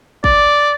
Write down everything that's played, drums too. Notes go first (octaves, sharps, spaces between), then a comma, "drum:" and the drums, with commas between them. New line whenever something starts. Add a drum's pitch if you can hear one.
D5, drum: kick